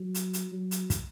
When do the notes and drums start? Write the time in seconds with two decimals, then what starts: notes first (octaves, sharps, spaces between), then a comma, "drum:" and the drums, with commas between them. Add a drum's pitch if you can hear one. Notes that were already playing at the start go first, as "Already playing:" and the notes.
Already playing: F#3
0.15 drum: hi-hat
0.33 drum: hi-hat
0.52 F#3
0.71 drum: hi-hat
0.90 drum: kick, hi-hat